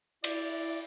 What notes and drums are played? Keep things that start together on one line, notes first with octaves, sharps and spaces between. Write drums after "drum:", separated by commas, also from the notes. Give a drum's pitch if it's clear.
E4 D5, drum: cymbal